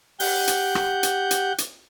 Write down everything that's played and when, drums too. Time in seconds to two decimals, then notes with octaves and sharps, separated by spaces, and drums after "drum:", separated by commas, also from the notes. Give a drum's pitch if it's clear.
0.20 G4 F#5 G6, drum: open hi-hat
0.47 drum: hi-hat
0.75 drum: rim click
1.03 drum: hi-hat
1.31 drum: hi-hat
1.58 drum: hi-hat